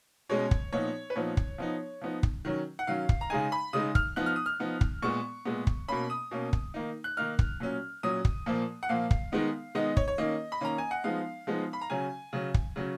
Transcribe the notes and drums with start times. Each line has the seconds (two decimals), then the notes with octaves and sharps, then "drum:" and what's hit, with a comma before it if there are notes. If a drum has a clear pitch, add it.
0.29 B2 G#3 C#4 C#5
0.51 drum: kick
0.73 A#2 F3 B3 D#4 C#5
1.10 B4
1.16 A#2 F3 B3 D#4 C#5
1.37 drum: kick
1.58 F3 B3 D#4
2.01 F3 B3 D#4
2.23 drum: kick
2.45 D#3 F#3 C#4
2.79 F#5
2.87 D#3 F#3 C#4 F5
3.09 drum: kick
3.21 A#5
3.30 C#3 G#3 D#4 G#5
3.52 B5
3.73 C#3 G#3 D#4 D#6
3.95 F6, drum: kick
4.16 F3 B3 D#4 F#6
4.26 F6
4.36 D#6
4.46 F6
4.60 F3 B3 D#4
4.81 drum: kick
5.02 A#2 G#3 B3 C#6
5.45 A#2 G#3 B3
5.67 drum: kick
5.88 B2 A#3 C#4 B5
6.10 D#6
6.31 B2 A#3 C#4
6.53 drum: kick
6.74 D#3 A#3 D#4
7.04 F#6
7.17 D#3 A#3 D#4 F6
7.39 drum: kick
7.60 A#2 F#3 C#4
8.03 A#2 F#3 C#4 D#6
8.25 drum: kick
8.46 A#2 F3 A#3
8.83 F#5
8.89 A#2 F3 A#3 F5
9.11 drum: kick
9.32 D#3 G#3 B3 D#4
9.75 D#3 G#3 B3 D#4 D#5
9.97 C#5, drum: kick
10.08 C#5
10.18 D#3 A#3 C#4 D#5
10.52 B5
10.61 D#3 A#3 C#4 A#5
10.78 G#5
10.91 F#5
11.04 F3 G#3 B3 D#4 F5
11.47 F3 G#3 B3 D#4
11.73 B5
11.81 A#5
11.90 C#3 F#3 C#4 G#5
12.33 C#3 F#3 C#4
12.54 drum: kick
12.76 C#3 F#3 C#4